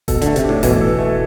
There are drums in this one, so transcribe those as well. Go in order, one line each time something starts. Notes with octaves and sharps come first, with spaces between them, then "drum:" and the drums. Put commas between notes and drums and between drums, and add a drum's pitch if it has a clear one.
B2 A4, drum: kick F1, open hi-hat
D3 A3, drum: hi-hat
C3, drum: hi-hat
A2 D4
B2 E3, drum: kick F1, open hi-hat
A4
A3